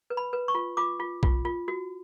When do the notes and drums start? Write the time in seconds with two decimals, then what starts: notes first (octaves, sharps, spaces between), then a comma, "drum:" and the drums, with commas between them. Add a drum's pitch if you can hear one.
0.10 B4
0.17 B5
0.33 B4
0.48 C#6
0.55 F4
0.77 F4 D6
1.00 F4
1.23 F4, drum: kick B1
1.45 F4
1.68 F#4